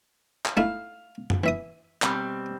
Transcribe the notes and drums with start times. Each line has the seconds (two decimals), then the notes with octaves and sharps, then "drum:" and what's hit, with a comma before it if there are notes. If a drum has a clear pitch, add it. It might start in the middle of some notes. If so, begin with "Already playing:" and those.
0.46 drum: clap
0.57 A3 D#4 E4 F5
1.30 drum: tom F#2
1.44 E3 E5 D#6
2.02 B2 G3 C4, drum: clap